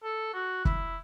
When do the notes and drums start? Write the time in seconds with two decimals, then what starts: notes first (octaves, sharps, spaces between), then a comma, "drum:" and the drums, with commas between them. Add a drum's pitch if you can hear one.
0.04 A4
0.34 F#4
0.65 E4, drum: kick